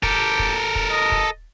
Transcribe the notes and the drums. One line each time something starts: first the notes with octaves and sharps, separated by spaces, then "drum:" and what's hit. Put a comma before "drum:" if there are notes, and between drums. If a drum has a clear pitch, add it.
G4 A4 A#4, drum: kick
drum: kick
drum: kick
D#5
drum: kick